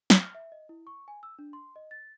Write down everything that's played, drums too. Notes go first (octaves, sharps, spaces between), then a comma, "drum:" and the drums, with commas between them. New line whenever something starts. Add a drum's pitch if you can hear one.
drum: snare
F6
E5
D#5
E4
C#6
G#5
E6
D4
C6
D#5
A6